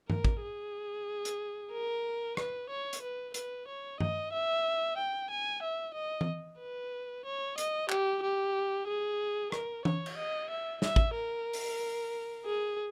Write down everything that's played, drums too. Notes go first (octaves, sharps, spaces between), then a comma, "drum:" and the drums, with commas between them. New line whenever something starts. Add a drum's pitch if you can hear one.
A#4, drum: tom G2
drum: kick
G#4
drum: hi-hat
A#4
B4, drum: rim click
C#5
drum: hi-hat
B4
B4, drum: hi-hat
C#5
D#5, drum: tom G2
E5
G5
G#5
E5
D#5
drum: tom E3
B4
C#5
D#5, drum: hi-hat
G4, drum: clap
G4
G#4
A#4, drum: rim click
C#5, drum: tom E3
drum: cymbal
D#5
E5
E5, drum: snare
drum: kick
A#4
drum: open hi-hat
G#4